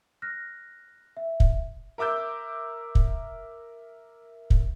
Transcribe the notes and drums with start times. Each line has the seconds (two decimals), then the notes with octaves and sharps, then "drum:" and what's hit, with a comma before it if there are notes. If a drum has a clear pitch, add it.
0.22 F6 F#6 A#6
1.17 E5
1.40 drum: kick
1.98 A#4 E5 D6 E6 G6
2.95 drum: kick
4.50 drum: kick